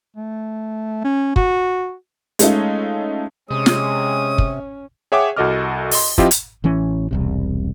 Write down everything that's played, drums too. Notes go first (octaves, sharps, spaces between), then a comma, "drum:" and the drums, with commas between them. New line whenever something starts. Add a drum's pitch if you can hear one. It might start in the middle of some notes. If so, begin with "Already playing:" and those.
A3
C#4
F#4, drum: kick
G#3 A3 C#4 D#4 F4, drum: hi-hat
C3 G#3 C#4 D#6
drum: snare
drum: kick
G#4 C#5 E5 F#5 G5 D6
C2 F#4 A4 D#5 D6 F6
D#5 C6, drum: open hi-hat
F3 C4 E4 F4 G4 D#5, drum: kick
drum: hi-hat
A1 E3 C#4
E1 C2 C3